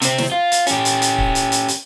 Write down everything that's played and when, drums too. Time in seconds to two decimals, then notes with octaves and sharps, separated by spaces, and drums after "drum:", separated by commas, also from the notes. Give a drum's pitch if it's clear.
0.02 C3 C4, drum: hi-hat
0.18 drum: snare
0.32 F4
0.52 drum: hi-hat
0.67 C#4 G4, drum: hi-hat
0.85 drum: hi-hat
1.02 drum: hi-hat
1.18 drum: kick
1.35 drum: hi-hat
1.52 drum: hi-hat
1.68 drum: hi-hat